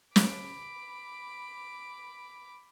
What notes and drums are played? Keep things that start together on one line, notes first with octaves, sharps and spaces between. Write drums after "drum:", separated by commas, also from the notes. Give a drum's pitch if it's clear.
B5 D6, drum: snare